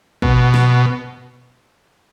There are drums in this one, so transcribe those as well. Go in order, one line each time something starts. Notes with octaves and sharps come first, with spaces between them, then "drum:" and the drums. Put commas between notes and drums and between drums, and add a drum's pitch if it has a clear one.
B2, drum: kick
drum: snare